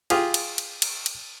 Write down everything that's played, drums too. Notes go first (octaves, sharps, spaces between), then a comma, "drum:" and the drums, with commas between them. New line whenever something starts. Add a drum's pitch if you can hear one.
F4 G4 G#4 F5, drum: cymbal
drum: cymbal
drum: cymbal
drum: cymbal
drum: cymbal